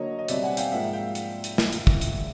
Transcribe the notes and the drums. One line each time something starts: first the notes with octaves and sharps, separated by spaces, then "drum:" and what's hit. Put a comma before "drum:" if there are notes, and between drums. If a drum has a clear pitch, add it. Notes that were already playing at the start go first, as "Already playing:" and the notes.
Already playing: D3 F#3 A#3 C#5 D#5
D#5
B2 G3 C4 D5 E5, drum: hi-hat
F#5 G#5
F5 G5, drum: hi-hat
G#2 F3 A#3 E5 F#5
F5 G5
drum: hi-hat
drum: hi-hat
drum: snare
drum: hi-hat
drum: kick
drum: hi-hat